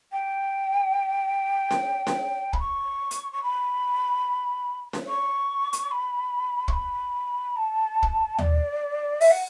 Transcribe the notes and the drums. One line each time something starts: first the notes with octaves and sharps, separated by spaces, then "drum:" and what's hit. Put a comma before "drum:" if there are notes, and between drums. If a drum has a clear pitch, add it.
G5
drum: snare C#4
drum: snare C#4
B5, drum: kick
C#6
drum: hi-hat
C#6
B5
drum: snare C#4
C#6
drum: hi-hat
B5
C#6, drum: kick
B5
A5
drum: kick
D5, drum: tom D#2
E5, drum: open hi-hat
F#5